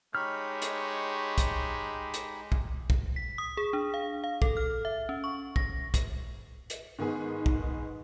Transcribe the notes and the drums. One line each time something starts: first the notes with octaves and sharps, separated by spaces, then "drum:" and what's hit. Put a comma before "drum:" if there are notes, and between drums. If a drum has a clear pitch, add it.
G#3 D#4 G4 C#5 B5 F6
drum: hi-hat
drum: kick, hi-hat
drum: hi-hat
drum: kick
drum: kick
B6
D#6
G#4
D4
F5
F5
A4, drum: kick
F6
E5
C#4
C#6
A#6, drum: kick
drum: kick, hi-hat
drum: hi-hat
G#2 D#3 B3 G#4
drum: kick